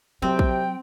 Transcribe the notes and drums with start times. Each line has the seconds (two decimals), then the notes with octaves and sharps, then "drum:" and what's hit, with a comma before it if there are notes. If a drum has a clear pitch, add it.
0.22 C3 F#3 C4 G5
0.39 drum: kick